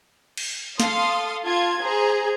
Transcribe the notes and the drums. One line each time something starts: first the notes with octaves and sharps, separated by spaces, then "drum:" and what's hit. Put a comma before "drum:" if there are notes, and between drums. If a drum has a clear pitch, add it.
drum: cymbal
A4 F5 C6 D#6, drum: snare
F4 A5 G#6
G#4 C5 A#5